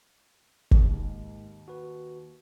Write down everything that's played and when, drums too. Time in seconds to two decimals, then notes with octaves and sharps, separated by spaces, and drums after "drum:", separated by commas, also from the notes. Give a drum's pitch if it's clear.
0.71 D#2 C#3, drum: kick
0.90 G#2 G#3
1.68 F#4 B4